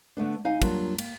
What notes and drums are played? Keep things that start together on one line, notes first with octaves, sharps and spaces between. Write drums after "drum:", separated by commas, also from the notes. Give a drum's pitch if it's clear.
D3 A3 B3 D4
D2 D#4 F5 G#5
F#3 G3 A#3 D4 F4, drum: kick, cymbal
A#3, drum: cymbal